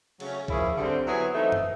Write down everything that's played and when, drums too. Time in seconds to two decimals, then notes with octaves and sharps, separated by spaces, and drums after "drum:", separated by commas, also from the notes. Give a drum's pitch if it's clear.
0.20 C#3 F#3 A3 C#4, drum: cymbal
0.48 F3 A#3 C#4 E4 G#4, drum: kick
0.77 D3 G3 C4
1.06 F#3 B3 E4 G#4
1.34 E3 A3 C4 D#4
1.52 drum: tom F#2